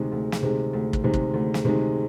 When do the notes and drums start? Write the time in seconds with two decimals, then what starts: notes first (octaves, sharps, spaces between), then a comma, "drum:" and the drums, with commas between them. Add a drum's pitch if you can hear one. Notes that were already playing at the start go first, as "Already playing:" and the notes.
Already playing: D2 C3 D#3 G#3
0.12 D2
0.32 drum: snare
0.43 C3 D#3 G#3
0.73 D2
0.93 drum: kick
1.04 C3 D#3 G#3
1.14 drum: kick
1.34 D2
1.54 drum: snare
1.65 C3 D#3 G#3